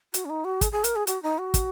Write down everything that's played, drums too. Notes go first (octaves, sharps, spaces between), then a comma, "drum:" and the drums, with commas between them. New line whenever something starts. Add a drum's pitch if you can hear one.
F#4, drum: hi-hat
C#4
D#4
F#4
G#4, drum: kick, hi-hat
G#4
A#4, drum: hi-hat
G#4
F#4, drum: hi-hat
D#4
F#4
drum: kick, hi-hat